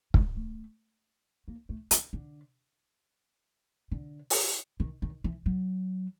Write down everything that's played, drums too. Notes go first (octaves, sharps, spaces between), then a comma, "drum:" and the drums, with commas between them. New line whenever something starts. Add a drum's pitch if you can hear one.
G#3, drum: kick
A3
A#3
A3
D#3, drum: hi-hat
D3
D3
drum: open hi-hat
D#3
D#3
E3
F#3